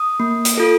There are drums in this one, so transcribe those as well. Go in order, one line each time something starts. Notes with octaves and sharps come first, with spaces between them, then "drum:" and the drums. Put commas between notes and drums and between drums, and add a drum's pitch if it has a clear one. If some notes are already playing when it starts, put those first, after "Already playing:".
Already playing: D#6
A#3
drum: hi-hat
F4 A4